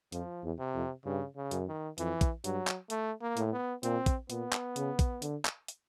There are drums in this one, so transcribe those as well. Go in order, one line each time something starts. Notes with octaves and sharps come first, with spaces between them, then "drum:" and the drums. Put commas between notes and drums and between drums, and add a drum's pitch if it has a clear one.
F2 F3, drum: hi-hat
E2
C3
F2
G2 C#3
C#3
F#2, drum: hi-hat
D#3
F2 E3, drum: hi-hat
drum: kick, hi-hat
G2 F#3, drum: hi-hat
drum: clap
A3, drum: hi-hat
A#3
A2, drum: hi-hat
B3
A#2 C4, drum: hi-hat
drum: kick, hi-hat
A#2 B3, drum: hi-hat
drum: clap
C#3, drum: hi-hat
drum: kick, hi-hat
D3, drum: hi-hat
drum: clap
drum: hi-hat